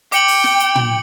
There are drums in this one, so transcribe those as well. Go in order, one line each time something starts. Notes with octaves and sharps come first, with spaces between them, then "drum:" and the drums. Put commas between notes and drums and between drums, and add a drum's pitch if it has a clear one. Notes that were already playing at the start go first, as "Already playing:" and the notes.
G5 D6 C#7 F#7, drum: hi-hat
drum: open hi-hat
drum: snare
drum: hi-hat
drum: tom